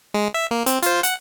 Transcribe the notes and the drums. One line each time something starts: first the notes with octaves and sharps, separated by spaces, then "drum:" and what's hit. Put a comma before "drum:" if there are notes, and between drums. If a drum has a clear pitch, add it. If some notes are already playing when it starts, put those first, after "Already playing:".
G#3
E5
A#3
C4, drum: hi-hat
F4 C5, drum: hi-hat
F#5, drum: hi-hat